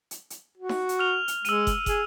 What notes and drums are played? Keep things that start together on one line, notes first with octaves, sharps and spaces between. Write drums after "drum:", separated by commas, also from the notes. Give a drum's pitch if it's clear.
drum: hi-hat
drum: hi-hat
F#4
drum: snare D#4
drum: hi-hat
F6 F7
drum: hi-hat
G#3 E6 D#7, drum: hi-hat
drum: kick, hi-hat
G#4, drum: kick, hi-hat